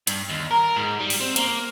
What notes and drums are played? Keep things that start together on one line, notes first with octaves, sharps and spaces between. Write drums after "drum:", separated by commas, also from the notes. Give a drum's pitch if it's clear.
G2, drum: hi-hat
D#2
A#4
G#2
G3
drum: open hi-hat
C4
A#3, drum: hi-hat